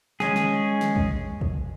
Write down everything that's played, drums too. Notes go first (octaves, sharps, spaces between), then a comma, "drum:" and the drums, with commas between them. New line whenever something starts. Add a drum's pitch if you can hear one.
G#3 C#4 G#4, drum: snare
drum: snare
drum: snare
drum: kick
drum: kick